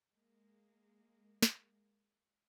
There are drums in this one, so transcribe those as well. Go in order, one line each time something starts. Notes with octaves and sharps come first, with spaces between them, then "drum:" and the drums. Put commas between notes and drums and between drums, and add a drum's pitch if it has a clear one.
G#3 A#3
drum: snare